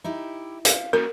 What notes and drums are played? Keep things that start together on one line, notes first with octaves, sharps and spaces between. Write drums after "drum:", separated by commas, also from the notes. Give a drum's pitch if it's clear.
D#4 E4 G4
F5, drum: hi-hat
A#3 C#4 F#4 A#4